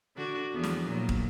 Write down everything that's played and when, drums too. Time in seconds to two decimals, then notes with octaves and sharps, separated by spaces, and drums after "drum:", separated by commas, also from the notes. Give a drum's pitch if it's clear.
0.16 D3 D4 F#4
0.53 E2 F3 B3
0.64 drum: snare
0.86 A#2 F#3
1.09 drum: kick